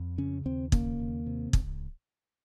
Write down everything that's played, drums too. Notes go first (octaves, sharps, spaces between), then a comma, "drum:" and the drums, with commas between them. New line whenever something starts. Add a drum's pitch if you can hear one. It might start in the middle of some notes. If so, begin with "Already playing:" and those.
Already playing: F2
C#3 C#4
D#2 C4
C#3 A#3, drum: kick
D#2
C3
C#2, drum: kick